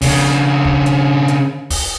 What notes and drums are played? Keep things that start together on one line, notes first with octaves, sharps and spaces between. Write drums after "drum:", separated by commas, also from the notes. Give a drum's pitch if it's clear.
C#3 D4, drum: kick, open hi-hat
drum: kick
drum: hi-hat
drum: hi-hat
drum: kick, open hi-hat